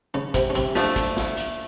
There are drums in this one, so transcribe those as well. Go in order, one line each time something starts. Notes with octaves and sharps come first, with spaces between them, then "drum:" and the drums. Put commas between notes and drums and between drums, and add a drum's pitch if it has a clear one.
C#3 C#4
C3 C4, drum: kick, hi-hat
C#4
C3 C4, drum: hi-hat
F3 A3 D4, drum: snare
drum: kick, hi-hat
drum: snare
drum: hi-hat